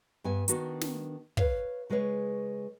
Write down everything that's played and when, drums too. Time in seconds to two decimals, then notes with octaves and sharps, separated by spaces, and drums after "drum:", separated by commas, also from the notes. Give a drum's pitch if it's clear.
0.24 G2 B3 G#5
0.48 D#3 B3 D4 F#4, drum: hi-hat
0.81 drum: snare
1.37 B4 C#5 F5, drum: kick
1.90 C#3 G#3 G#4 B4 C#5